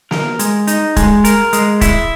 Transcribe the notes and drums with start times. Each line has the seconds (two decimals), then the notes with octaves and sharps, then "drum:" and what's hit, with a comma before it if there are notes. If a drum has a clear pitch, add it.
0.11 A#4, drum: snare
0.39 G#3, drum: hi-hat
0.67 D#4, drum: hi-hat
0.96 G#3, drum: kick, hi-hat
1.25 A#4, drum: hi-hat
1.53 G#3, drum: hi-hat
1.81 E4, drum: kick, hi-hat